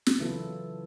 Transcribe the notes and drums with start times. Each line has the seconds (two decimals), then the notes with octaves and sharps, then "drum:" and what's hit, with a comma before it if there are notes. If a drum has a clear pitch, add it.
0.07 drum: snare
0.19 C#3 E3 F#3 E4 F4 A4